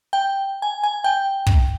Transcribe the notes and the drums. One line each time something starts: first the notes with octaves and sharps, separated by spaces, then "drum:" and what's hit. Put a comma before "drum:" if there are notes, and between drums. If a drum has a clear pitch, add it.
G5
G#5
G#5
G5
drum: kick